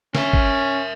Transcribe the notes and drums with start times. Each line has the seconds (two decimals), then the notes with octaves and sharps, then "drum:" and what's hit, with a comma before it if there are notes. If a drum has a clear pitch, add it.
0.15 C#4 A#4 E5, drum: snare
0.33 drum: kick